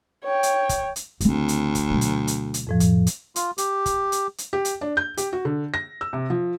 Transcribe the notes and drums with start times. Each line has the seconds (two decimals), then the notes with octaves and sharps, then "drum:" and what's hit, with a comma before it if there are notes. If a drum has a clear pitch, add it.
0.24 C#5 G5
0.43 drum: hi-hat
0.69 drum: kick, hi-hat
0.96 drum: hi-hat
1.21 D2 C#3 C4, drum: hi-hat
1.48 drum: hi-hat
1.75 drum: kick, hi-hat
1.90 B2 F#3
2.01 drum: hi-hat
2.27 drum: hi-hat
2.54 drum: hi-hat
2.67 F2 A2 F3
2.80 drum: kick, hi-hat
3.07 drum: hi-hat
3.36 F4, drum: hi-hat
3.58 G4, drum: hi-hat
3.86 drum: kick, hi-hat
4.12 drum: hi-hat
4.38 drum: hi-hat
4.53 G4
4.65 drum: hi-hat
4.81 D4
4.97 G6
5.17 G4, drum: hi-hat
5.33 F#4
5.45 D3
5.74 A#6
6.01 E6
6.13 C3
6.30 F3